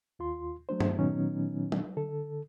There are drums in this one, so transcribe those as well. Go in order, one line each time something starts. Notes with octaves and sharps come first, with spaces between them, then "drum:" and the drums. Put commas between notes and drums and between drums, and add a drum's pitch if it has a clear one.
D#2 F4 C6
F#3 A3 D4 C5
drum: tom G2
A#2 D#3 F#3 B3 C#4 D#4
drum: tom
D3 A4